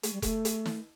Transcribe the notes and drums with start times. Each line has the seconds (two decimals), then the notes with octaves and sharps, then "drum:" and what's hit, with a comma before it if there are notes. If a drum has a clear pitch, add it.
0.03 A3, drum: hi-hat
0.13 G3
0.22 A3, drum: kick E1, hi-hat
0.45 drum: hi-hat
0.66 drum: snare